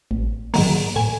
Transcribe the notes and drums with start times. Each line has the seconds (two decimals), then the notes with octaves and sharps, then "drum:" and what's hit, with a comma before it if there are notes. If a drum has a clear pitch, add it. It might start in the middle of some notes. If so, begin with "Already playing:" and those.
0.11 A1
0.54 G#2 D#3 F#3 A#3, drum: open hi-hat
0.96 A2 G#5